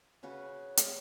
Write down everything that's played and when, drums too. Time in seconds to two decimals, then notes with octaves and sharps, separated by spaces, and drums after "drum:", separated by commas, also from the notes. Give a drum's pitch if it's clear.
0.23 C#3 C#4 F#4 B4
0.77 drum: hi-hat